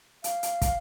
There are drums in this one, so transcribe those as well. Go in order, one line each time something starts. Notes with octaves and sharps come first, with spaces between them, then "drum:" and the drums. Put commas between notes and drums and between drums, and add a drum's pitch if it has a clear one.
F5, drum: hi-hat
drum: hi-hat
drum: kick, hi-hat